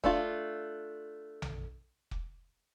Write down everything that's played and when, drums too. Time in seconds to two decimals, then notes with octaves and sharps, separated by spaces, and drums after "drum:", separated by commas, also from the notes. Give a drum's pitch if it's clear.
0.04 A3 D4 F4, drum: kick
1.42 drum: tom A#1
2.11 drum: kick